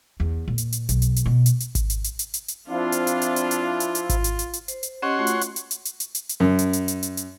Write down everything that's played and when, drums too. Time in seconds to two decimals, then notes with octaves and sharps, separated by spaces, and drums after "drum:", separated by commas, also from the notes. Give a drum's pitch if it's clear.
0.20 E2
0.48 A#2
0.58 drum: hi-hat
0.72 drum: hi-hat
0.89 B1, drum: hi-hat
1.02 drum: hi-hat
1.16 drum: hi-hat
1.26 B2
1.46 drum: hi-hat
1.60 drum: hi-hat
1.75 drum: kick G#1, hi-hat
1.90 drum: hi-hat
2.04 drum: hi-hat
2.19 drum: hi-hat
2.34 drum: hi-hat
2.48 drum: hi-hat
2.69 F3 C4 D4 E4 F4 F5
2.92 drum: hi-hat
3.07 drum: hi-hat
3.22 drum: hi-hat
3.36 drum: hi-hat
3.51 drum: hi-hat
3.80 drum: hi-hat
3.95 drum: hi-hat
4.09 drum: kick G#1, hi-hat
4.24 drum: hi-hat
4.39 drum: hi-hat
4.53 drum: hi-hat
4.68 C5, drum: hi-hat
4.83 drum: hi-hat
5.02 C#4 G4 C#5 D#5 F#5 C6
5.16 A3 F4 F#4
5.27 drum: hi-hat
5.41 drum: hi-hat
5.56 drum: hi-hat
5.71 drum: hi-hat
5.85 drum: hi-hat
6.00 drum: hi-hat
6.15 drum: hi-hat
6.29 drum: hi-hat
6.40 F#2
6.59 drum: hi-hat
6.73 drum: hi-hat
6.88 drum: hi-hat
7.03 drum: hi-hat
7.17 drum: hi-hat